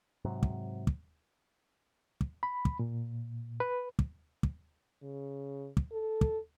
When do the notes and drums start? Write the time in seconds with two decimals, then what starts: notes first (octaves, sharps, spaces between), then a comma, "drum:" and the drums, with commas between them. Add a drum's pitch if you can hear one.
0.25 G#2 C3 F#3
0.43 drum: kick
0.87 drum: kick
2.21 drum: kick
2.43 B5
2.65 drum: kick
2.79 A#2
3.60 B4
3.99 drum: kick
4.43 drum: kick
5.03 C#3
5.77 drum: kick
5.92 A4
6.21 drum: kick